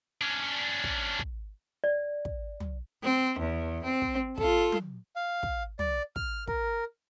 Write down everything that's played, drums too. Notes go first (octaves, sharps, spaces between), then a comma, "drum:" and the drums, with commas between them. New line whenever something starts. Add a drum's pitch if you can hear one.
C#4 D4
drum: kick
drum: kick
D5
drum: kick
drum: tom
C4
E2
C4
drum: kick
F4 A4, drum: kick
drum: tom F#3
F5
drum: kick
D5, drum: tom
F6, drum: kick
A#4, drum: kick